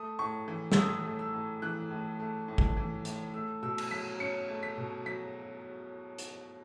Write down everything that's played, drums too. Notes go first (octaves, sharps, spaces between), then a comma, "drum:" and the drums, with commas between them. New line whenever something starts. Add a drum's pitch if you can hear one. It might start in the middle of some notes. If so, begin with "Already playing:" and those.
Already playing: A3 D#6
A2 C#6
E3
E6, drum: snare
A2 D#6
A3
E6
A2
E3 F#6
A2
A3
A2
drum: kick G#1
E3
A2, drum: hi-hat
A3 E6
B2 E6
drum: cymbal
F#3 B6
C#4 C#7
A3
B6
B2
F#3 B6
drum: hi-hat